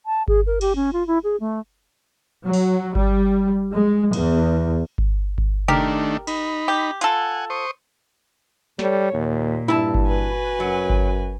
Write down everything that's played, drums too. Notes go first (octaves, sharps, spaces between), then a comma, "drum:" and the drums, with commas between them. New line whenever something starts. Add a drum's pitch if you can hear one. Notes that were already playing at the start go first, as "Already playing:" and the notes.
A5
G#4, drum: kick G1
A#4
G4, drum: cymbal
C#4
F4
E4
G#4
A3
F#3
drum: open hi-hat
G3, drum: kick G1
G#3
E2, drum: cymbal
drum: kick G1
drum: kick G1
D#3 A3 D4 G4 A#4, drum: tom C3
D#4 B5, drum: cymbal
G4
F4 A4 F#5 G#5, drum: hi-hat
C5 C#6 D#6
G3 A4 C#5, drum: snare
D#2 A#2
G2 E4 A5
drum: kick G1
F#4 B4 G#5
F#2 F#3
drum: kick G1